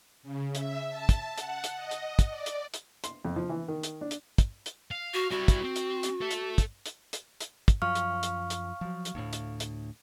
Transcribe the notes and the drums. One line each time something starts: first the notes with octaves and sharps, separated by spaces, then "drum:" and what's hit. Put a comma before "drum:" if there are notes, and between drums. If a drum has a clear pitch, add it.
C#3
E5, drum: hi-hat
A5
drum: kick, hi-hat
F#5, drum: hi-hat
drum: hi-hat
D#5
drum: hi-hat
drum: kick, hi-hat
D5
drum: hi-hat
drum: hi-hat
C6, drum: hi-hat
F2
F3
E3
D#3
drum: hi-hat
D4
drum: hi-hat
drum: kick, hi-hat
drum: hi-hat
F5
F#4
G3 E4 F#4
drum: kick, hi-hat
C4
drum: hi-hat
drum: hi-hat
A4 E5
drum: hi-hat
drum: kick, hi-hat
drum: hi-hat
drum: hi-hat
drum: hi-hat
drum: kick, hi-hat
F#2 F3 F5 C#6 F6
drum: hi-hat
drum: hi-hat
drum: hi-hat
F3 F#3
drum: hi-hat
D2 A2
drum: hi-hat
drum: hi-hat